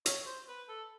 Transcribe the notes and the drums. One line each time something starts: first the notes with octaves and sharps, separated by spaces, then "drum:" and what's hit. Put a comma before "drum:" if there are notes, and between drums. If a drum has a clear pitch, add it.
C#5, drum: hi-hat
C5
B4
A4